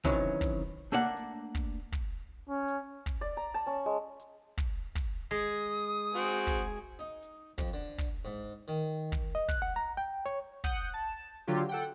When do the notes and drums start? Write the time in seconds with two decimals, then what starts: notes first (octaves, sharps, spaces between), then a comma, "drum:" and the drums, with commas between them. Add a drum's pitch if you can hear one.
0.05 C3 D#3 E3 F#3 C#4, drum: kick, hi-hat
0.41 drum: kick, open hi-hat
0.92 A3 A#3 D4 F#5
1.17 drum: hi-hat
1.55 drum: kick, hi-hat
1.92 drum: kick
2.49 C#4
2.68 drum: hi-hat
3.06 drum: kick, hi-hat
3.21 D5
3.37 A#5
3.54 A5
3.67 C#4
3.86 G#3
4.20 drum: hi-hat
4.58 drum: kick, hi-hat
4.95 drum: kick, open hi-hat
5.31 G#3 D#6
5.71 drum: hi-hat
6.15 C4 F#4 G#4
6.47 drum: kick
6.99 D#4
7.23 drum: hi-hat
7.58 F2, drum: kick, hi-hat
7.73 D3
7.98 drum: kick, open hi-hat
8.25 G#2
8.68 D#3
9.12 drum: kick, hi-hat
9.35 D#5
9.48 F#6, drum: kick, open hi-hat
9.62 F#5
9.76 A#5
9.97 G5
10.26 C#5, drum: hi-hat
10.64 F#5 D#6 G6, drum: kick, hi-hat
10.94 A5
11.47 D3 F#3 F4 G4
11.69 A4 F#5 G5